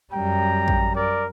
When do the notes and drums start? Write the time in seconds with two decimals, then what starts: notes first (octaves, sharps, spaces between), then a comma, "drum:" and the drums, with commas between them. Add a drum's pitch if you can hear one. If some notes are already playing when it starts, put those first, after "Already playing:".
0.13 F#2 G3 G5 A#5
0.68 drum: kick A1
0.96 A#4 D5